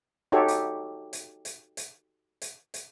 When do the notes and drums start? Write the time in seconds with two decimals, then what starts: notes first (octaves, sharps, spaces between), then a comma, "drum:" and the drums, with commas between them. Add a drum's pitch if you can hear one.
0.32 D#4 F#4 G4 A4 C#5
0.48 drum: hi-hat
1.13 drum: hi-hat
1.45 drum: hi-hat
1.77 drum: hi-hat
2.42 drum: hi-hat
2.74 drum: hi-hat